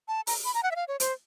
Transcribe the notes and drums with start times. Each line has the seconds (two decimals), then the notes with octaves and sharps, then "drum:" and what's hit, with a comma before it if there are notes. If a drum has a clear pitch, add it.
0.08 A5
0.27 A#5, drum: open hi-hat
0.45 B5
0.54 A#5
0.63 F#5
0.71 E5
0.76 F5
0.88 C#5
1.00 C5, drum: hi-hat